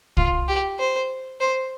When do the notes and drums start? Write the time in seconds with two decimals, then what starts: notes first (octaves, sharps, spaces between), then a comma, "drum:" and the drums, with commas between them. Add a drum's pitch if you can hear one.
0.17 F4, drum: kick C2
0.48 G4
0.79 C5
1.40 C5